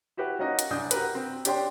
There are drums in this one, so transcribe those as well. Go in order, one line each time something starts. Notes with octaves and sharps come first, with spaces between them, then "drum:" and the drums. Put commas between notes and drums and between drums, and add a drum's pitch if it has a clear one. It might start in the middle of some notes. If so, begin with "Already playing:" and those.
E4 F#4 G4 B4
A#3 C#4 D#4 F#4 D#5
drum: hi-hat
C2 F#2 D4 D#6 G6
F#4 G4 A#4 B4, drum: hi-hat
C4
D4 G4 C#5 D5 G5 C6, drum: hi-hat